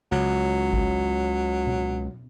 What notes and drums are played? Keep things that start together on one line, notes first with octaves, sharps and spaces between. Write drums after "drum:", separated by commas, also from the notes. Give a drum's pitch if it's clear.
C#2 F#3
drum: kick G#1
drum: tom B2